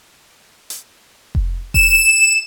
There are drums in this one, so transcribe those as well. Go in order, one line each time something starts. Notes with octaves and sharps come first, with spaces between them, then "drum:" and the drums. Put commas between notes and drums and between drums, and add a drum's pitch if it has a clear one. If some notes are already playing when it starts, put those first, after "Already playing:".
drum: hi-hat
drum: kick F1
E7, drum: kick F1